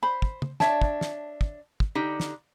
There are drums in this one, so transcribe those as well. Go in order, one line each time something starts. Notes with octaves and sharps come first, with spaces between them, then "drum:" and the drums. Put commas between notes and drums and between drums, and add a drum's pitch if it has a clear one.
C5 B5
drum: kick
drum: tom
D4 C#5 E5 A5, drum: snare
drum: kick
drum: snare
drum: kick
drum: kick
D3 D#4 G4
drum: snare